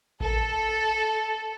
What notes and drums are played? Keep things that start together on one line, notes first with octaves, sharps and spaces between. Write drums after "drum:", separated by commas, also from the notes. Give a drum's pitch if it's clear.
A4, drum: kick A1